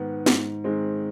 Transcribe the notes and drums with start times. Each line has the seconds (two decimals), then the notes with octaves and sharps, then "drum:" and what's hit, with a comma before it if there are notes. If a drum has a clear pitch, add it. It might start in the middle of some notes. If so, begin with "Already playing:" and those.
Already playing: G#2 D#3 B3
0.26 G#2, drum: snare
0.64 D#3 G#3 C4